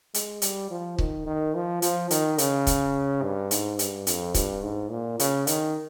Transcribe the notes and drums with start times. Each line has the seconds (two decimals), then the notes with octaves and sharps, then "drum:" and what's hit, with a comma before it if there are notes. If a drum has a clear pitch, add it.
0.14 G#3, drum: hi-hat
0.42 G3, drum: hi-hat
0.71 F3
0.98 D#3, drum: kick C#1
1.26 D#3
1.55 F3
1.82 F3, drum: hi-hat
2.11 D#3, drum: hi-hat
2.38 C#3, drum: hi-hat
2.67 drum: kick C#1, hi-hat
3.23 G2
3.51 G#2, drum: hi-hat
3.79 G2, drum: hi-hat
4.07 F2, drum: hi-hat
4.34 G2, drum: kick C#1, hi-hat
4.63 G#2
4.91 A#2
5.19 C#3, drum: hi-hat
5.47 D#3, drum: hi-hat